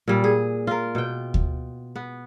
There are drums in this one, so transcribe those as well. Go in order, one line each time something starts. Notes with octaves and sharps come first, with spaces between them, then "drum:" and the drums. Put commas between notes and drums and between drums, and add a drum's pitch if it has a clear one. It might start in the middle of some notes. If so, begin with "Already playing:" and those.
A#2 G3
G#4
F4 A#4
B2 G5
drum: kick D2
B3